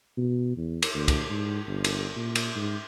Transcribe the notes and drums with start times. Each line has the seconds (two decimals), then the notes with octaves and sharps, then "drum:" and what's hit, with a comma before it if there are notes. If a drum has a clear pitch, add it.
0.17 B2
0.57 E2
0.82 drum: cymbal
0.95 D2
1.08 drum: kick, cymbal
1.29 G#2
1.67 G1
1.84 drum: cymbal
2.16 A#2
2.35 drum: cymbal
2.55 G#2